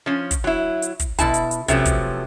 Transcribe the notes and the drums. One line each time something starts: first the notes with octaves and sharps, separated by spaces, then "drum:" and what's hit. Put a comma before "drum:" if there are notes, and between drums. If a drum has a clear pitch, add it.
F3 C#4
drum: kick, hi-hat
F#3 E4
drum: hi-hat
drum: kick, hi-hat
B2 E4 A5, drum: kick, hi-hat
drum: hi-hat
drum: hi-hat
C3 F3 F#3 A3 B3 C#4, drum: kick, hi-hat
drum: kick, hi-hat